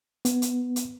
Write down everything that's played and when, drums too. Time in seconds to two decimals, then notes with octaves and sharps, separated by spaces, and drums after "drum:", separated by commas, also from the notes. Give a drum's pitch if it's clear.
0.25 B3, drum: hi-hat
0.42 drum: hi-hat
0.76 drum: hi-hat